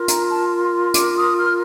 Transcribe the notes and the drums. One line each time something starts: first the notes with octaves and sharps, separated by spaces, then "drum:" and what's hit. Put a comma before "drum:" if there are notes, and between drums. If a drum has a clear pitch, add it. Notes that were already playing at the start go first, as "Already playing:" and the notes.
Already playing: F4 A#4
A#5, drum: hi-hat
A5
C6
C6
D6, drum: hi-hat
D#6
F6